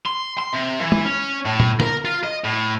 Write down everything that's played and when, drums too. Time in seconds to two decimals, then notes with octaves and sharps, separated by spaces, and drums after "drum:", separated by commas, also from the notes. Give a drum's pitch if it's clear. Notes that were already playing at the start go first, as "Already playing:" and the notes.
0.06 C6
0.38 C6
0.53 C3
0.81 E3
0.92 drum: tom
1.05 C#4
1.45 A2
1.60 drum: tom A#2
1.80 A#4, drum: snare
2.05 F4
2.24 D#5
2.44 A2